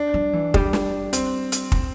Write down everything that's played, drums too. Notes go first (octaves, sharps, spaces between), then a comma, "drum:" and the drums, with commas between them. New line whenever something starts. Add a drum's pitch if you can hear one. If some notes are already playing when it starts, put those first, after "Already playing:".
Already playing: D4
G3
E3
G3, drum: kick
drum: snare
C4, drum: hi-hat
drum: hi-hat
drum: kick